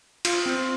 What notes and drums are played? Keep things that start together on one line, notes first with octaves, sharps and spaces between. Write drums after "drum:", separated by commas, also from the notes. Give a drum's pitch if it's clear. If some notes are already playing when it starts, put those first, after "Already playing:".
F4, drum: cymbal
C4